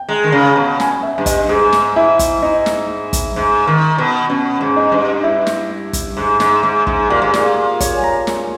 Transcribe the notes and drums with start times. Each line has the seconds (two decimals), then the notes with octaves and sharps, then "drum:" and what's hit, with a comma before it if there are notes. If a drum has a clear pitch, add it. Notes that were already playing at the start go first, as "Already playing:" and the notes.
Already playing: G5
0.09 G#3 A#5
0.24 D#3
0.32 C#3 A#5
0.56 B2 A#5
0.80 G#5, drum: snare
1.03 E5
1.18 G2
1.26 D#5, drum: kick, hi-hat
1.49 G#2 G#4
1.73 drum: snare
1.96 E4
2.19 drum: kick, hi-hat
2.42 D#4
2.66 drum: snare
3.13 drum: kick, hi-hat
3.36 G#2
3.67 D#3
3.98 B2
4.29 B2 C#4
4.61 G#2
4.76 D#4
4.92 G2
5.23 E4
5.47 drum: snare
5.93 drum: kick, hi-hat
6.17 G#2
6.40 G#2, drum: snare
6.63 G#2
6.87 G#2, drum: kick
7.10 A#2 G4
7.22 G#2
7.34 A#2 G#4, drum: snare
7.80 C#5, drum: kick, hi-hat
7.96 G#5
8.04 A#5
8.27 drum: snare